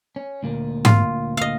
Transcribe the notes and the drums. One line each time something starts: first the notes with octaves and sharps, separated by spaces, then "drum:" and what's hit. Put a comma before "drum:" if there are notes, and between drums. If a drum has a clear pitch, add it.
C#4
D2 A#2 A#3
F4, drum: tom G#2
D#5 F5